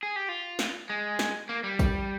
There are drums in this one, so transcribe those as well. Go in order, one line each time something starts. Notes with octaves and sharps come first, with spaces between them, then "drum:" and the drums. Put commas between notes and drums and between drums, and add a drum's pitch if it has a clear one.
G#4
G4
F4
drum: snare
G#3
drum: snare
A#3
G3
drum: kick A1, tambourine